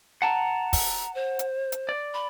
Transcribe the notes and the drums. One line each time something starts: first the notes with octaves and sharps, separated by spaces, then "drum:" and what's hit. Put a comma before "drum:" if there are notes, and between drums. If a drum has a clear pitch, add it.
F#5 A5 A#5
drum: kick, open hi-hat
C5
drum: hi-hat
drum: hi-hat
D5
B5